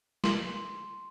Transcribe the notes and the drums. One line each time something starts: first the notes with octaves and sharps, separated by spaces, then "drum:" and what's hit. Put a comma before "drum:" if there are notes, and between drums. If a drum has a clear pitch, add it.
C6, drum: snare